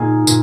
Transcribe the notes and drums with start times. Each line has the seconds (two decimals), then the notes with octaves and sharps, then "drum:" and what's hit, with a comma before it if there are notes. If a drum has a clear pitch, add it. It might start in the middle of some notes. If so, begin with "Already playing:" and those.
Already playing: A#2 A#3 D#4 G#4
0.27 A#2, drum: tambourine